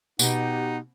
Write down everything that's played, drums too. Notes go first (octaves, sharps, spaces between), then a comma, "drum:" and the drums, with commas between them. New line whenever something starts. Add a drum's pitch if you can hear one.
B2 D#4 G4 F#5, drum: tambourine